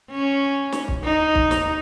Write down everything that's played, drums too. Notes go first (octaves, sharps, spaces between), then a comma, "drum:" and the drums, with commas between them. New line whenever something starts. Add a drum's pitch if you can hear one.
C#4
drum: snare
drum: kick
D#4
drum: kick
drum: snare